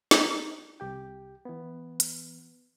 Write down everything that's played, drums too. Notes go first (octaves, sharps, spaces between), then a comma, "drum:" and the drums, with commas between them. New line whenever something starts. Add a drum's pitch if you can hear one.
D4 D#4, drum: snare
C2 G4 G5
E3 B3
drum: hi-hat